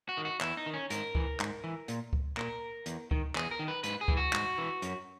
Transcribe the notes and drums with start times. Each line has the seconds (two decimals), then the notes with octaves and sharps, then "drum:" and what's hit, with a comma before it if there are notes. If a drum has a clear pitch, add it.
0.09 F#4
0.17 D#3
0.25 F#4
0.41 E2 E4, drum: clap
0.57 D#4
0.66 D#3
0.74 C#4
0.90 G#2 A#4, drum: hi-hat
1.15 E3, drum: kick C#2
1.40 G#2, drum: clap
1.64 E3
1.88 A#2, drum: hi-hat
2.13 drum: kick C#2
2.37 A#2 A#4, drum: clap
2.86 E2, drum: hi-hat
3.11 D#3, drum: kick C#2
3.35 E2 G#4, drum: clap
3.51 A#4
3.59 D#3
3.68 B4
3.84 G#2 B4, drum: hi-hat
4.01 G#4
4.08 E3, drum: kick C#2
4.17 F#4
4.33 G#2, drum: clap
4.58 E3
4.82 F#2, drum: hi-hat